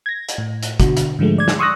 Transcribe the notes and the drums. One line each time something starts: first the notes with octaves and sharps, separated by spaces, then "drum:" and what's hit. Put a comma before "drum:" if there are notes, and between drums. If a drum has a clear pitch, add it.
G#6 A#6
drum: hi-hat
A2
drum: hi-hat
B2 D3 F#4, drum: kick, hi-hat
drum: hi-hat
G#2 D3 F3 G#3 A3
D5 G#6
drum: snare
C6 C#6 D#6 E6 F#6 A#6